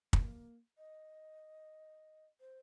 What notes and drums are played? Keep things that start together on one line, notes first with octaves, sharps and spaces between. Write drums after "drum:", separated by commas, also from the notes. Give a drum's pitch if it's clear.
A#3, drum: kick
D#5
C5